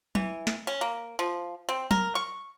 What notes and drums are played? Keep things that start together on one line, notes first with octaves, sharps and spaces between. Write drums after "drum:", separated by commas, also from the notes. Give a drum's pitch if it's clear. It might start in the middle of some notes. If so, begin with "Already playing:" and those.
E3, drum: tom
drum: snare
C#4
A#3
F3
C4
A#4, drum: tom
C#6